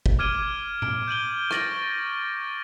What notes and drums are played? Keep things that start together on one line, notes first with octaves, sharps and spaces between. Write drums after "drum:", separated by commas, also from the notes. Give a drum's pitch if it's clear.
drum: kick
D6 F6 G#6 D7 D#7 G7
D7, drum: tom A2
G6 D#7 F#7 G7
C#6 G6 A6 A#6 D7 F#7, drum: rim click